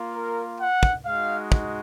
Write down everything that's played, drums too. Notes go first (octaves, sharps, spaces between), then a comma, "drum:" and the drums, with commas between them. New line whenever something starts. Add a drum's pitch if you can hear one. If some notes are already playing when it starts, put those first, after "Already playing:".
Already playing: A#3 F4
A#4
F#5
drum: kick
G#3 D#4 F#4 F5
drum: kick